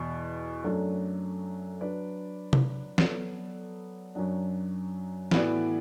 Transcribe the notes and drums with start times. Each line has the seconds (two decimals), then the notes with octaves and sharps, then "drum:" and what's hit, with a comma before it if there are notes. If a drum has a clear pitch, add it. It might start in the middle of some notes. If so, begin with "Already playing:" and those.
Already playing: E2 B2
0.64 F#2 F#3 A3 D4
1.81 F#3 D4 B4 D5
2.53 drum: tom C3
2.98 F#3 B3 F#4 A4 D5, drum: snare
4.15 F#2 F#3 D4
5.31 A2 E3 B3 F#4 D5, drum: snare